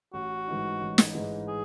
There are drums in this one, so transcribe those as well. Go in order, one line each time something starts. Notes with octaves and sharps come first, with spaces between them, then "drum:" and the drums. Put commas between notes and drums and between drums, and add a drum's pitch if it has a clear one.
A1 F#4
G#2 E3 G#3 D#4
A1
drum: snare
G#2 E3 G#3 D#4
G#4